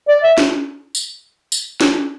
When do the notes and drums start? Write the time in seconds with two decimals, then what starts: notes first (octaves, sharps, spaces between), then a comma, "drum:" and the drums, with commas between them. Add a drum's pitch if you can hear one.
0.08 D5
0.23 E5
0.38 drum: snare
0.95 drum: tambourine
1.52 drum: tambourine
1.81 drum: snare